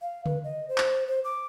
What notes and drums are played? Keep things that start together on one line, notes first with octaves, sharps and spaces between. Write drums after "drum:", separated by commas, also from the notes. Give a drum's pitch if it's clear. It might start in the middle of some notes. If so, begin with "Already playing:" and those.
F5
B4, drum: tom C#3
D#5
C5
drum: clap
C5
D6